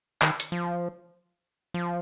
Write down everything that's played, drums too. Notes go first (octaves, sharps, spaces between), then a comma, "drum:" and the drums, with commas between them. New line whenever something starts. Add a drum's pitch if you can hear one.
D#3, drum: clap
drum: hi-hat
F3
F3